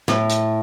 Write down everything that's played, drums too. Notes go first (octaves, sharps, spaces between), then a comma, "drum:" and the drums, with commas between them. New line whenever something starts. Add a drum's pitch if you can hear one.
A2, drum: snare
drum: hi-hat